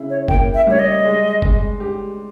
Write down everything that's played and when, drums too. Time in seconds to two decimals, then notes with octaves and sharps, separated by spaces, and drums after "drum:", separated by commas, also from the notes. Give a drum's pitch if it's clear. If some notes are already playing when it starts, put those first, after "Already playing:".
Already playing: C#3 E4
0.10 C#5
0.28 A#3 G5, drum: kick F#1
0.54 E5
0.67 G3 C#5
0.79 D#5
1.05 G#3
1.42 G#3, drum: kick F#1
1.80 G4